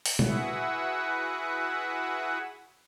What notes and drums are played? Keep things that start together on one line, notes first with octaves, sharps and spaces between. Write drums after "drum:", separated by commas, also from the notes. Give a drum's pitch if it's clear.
drum: open hi-hat
E4 F#4 G#4 B4 E5 F#5, drum: tom A#2